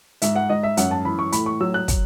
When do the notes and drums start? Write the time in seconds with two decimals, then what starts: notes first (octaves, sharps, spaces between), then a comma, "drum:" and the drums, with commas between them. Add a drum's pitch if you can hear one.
0.22 G#2 E5, drum: hi-hat
0.36 F#5
0.49 G#2 D#5
0.63 E5
0.77 F#2 F#5, drum: hi-hat
0.91 A5
1.05 E3 B5
1.19 C#6
1.32 A2 B5, drum: hi-hat
1.46 C#6
1.61 F#3 E6
1.74 F#6
1.88 drum: kick, hi-hat